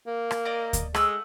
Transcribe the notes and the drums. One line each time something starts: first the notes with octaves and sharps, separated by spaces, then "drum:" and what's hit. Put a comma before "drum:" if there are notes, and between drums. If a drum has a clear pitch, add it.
A#3
drum: rim click
D5 D#5 A#5
drum: kick D2, hi-hat
G#3 A3 F#5 E6, drum: rim click